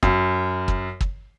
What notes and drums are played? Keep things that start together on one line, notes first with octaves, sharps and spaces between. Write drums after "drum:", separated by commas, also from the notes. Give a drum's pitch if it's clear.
F#2, drum: kick
drum: kick
drum: kick